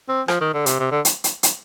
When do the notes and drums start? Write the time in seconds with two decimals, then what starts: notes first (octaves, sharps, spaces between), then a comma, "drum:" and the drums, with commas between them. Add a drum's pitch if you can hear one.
0.09 C4
0.28 F3, drum: rim click
0.41 D#3
0.54 D3
0.66 C3, drum: hi-hat
0.80 C3
0.91 D3
1.05 drum: hi-hat
1.24 drum: hi-hat
1.43 drum: hi-hat